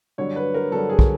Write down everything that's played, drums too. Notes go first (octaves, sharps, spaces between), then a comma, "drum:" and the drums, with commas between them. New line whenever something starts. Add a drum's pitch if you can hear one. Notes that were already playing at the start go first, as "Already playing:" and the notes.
G2 D3 F#3 C#5
B4
A#4
G2 D3 F#3 A4
G#4
drum: kick